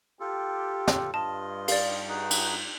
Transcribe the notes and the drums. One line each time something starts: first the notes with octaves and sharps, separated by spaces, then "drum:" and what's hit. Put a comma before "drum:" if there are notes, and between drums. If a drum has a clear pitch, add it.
F4 G4 A4
drum: snare
G2 F4 D#5 A5
D5 F5, drum: cymbal
D#4 F#4 G#4
drum: cymbal